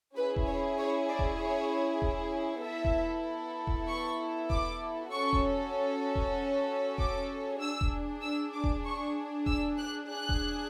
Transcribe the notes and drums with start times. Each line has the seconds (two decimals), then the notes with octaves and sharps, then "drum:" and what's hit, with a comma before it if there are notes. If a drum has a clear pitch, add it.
0.16 C#4 E4 G#4 B4
0.36 drum: kick E1
0.46 C#5
0.78 C#5
1.09 D5
1.19 drum: kick E1
1.40 C#5
2.02 drum: kick E1
2.64 B3 E4 A4 E5
2.85 drum: kick E1
3.67 drum: kick E1
3.88 C#6
4.50 D6, drum: kick E1
5.12 C#4 F#4 A4 C#6
5.33 drum: kick E1
6.15 drum: kick E1
6.98 D6, drum: kick E1
7.60 D4 G#4 E6
7.81 drum: kick E1
8.22 E6
8.53 D6
8.64 drum: kick E1
8.85 C#6
9.46 E6, drum: kick E1
9.78 F#6
10.08 D4 G#4 F#6
10.29 drum: kick E1